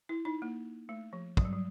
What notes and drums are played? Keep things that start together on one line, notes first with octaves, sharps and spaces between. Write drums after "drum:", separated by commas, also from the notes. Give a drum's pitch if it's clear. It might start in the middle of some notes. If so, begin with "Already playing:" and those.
E4
D#4
A#3
A3
F3
F#3, drum: kick
G3
F#3